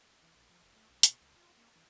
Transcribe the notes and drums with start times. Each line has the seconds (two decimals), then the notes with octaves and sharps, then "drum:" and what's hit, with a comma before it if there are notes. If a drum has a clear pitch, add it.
0.23 E3
0.36 A#1
0.50 F3
0.63 F1
0.76 A3
0.89 B1
1.03 B2, drum: hi-hat
1.22 C#2
1.36 F4
1.57 A#3
1.76 E3